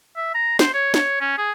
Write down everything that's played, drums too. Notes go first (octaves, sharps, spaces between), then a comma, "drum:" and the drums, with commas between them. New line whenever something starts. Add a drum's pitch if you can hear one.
E5
A#5
C5, drum: snare
C#5
C#5, drum: snare
C#4
G#4